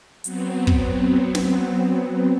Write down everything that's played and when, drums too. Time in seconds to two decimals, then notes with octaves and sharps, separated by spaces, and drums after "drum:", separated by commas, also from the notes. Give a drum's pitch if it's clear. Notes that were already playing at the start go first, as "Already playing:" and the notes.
0.24 F#3 B3 C4, drum: hi-hat
0.67 drum: kick
1.35 drum: snare